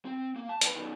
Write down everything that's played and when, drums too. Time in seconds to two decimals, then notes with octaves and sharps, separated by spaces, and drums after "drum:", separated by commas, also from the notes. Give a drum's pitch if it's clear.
0.05 C4
0.36 A#3
0.49 A5
0.61 F2 B4, drum: hi-hat
0.75 B2 D#3